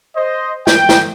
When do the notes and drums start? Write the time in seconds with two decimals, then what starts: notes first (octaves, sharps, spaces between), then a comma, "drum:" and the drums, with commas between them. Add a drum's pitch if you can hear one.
0.16 C5 D#5
0.67 G5, drum: snare
0.89 drum: snare